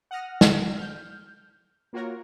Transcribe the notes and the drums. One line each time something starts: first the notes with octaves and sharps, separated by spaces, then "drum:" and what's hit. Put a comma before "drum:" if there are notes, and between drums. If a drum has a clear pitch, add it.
F#5 D#6 F6 A#6
drum: snare
F6 G6
A#3 F4 F#4 A#4 C#5